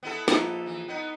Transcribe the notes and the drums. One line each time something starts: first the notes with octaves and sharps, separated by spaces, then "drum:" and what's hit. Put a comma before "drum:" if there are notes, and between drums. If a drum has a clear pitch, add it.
B3 E4 A4
A#1 D#4, drum: snare
E3
B3 D#4